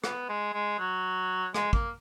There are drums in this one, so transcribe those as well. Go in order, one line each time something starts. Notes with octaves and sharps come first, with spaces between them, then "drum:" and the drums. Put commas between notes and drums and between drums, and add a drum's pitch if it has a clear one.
B3, drum: rim click
G#3
G#3
F#3
G#3, drum: rim click
A#3, drum: kick